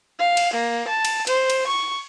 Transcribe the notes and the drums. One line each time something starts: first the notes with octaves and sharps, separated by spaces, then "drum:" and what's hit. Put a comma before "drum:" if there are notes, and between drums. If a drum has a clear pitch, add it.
F5
drum: cymbal
A#3
A5
drum: cymbal
C5, drum: cymbal
drum: cymbal
C#6